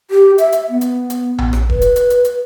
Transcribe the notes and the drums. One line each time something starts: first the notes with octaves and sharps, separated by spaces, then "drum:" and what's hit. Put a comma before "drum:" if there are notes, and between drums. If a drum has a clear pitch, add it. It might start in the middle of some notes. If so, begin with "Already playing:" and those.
G4
E5, drum: hi-hat
drum: hi-hat
B3
drum: hi-hat
drum: hi-hat
drum: tom A#1
drum: rim click
B4, drum: kick E1
drum: hi-hat
drum: hi-hat
drum: hi-hat
drum: hi-hat